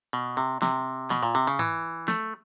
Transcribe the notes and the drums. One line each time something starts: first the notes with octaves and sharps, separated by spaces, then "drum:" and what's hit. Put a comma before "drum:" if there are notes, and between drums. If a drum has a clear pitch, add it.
B2
C3
C3, drum: snare
B2, drum: snare
A#2
C3
C#3
E3, drum: tom G#2
A3, drum: snare